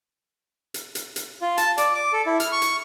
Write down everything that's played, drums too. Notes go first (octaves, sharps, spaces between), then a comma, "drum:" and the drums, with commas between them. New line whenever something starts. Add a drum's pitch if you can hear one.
drum: hi-hat
drum: hi-hat
drum: hi-hat
F4
A5, drum: hi-hat
D5, drum: hi-hat
D6
A4
E4
F6, drum: hi-hat
C#6
drum: hi-hat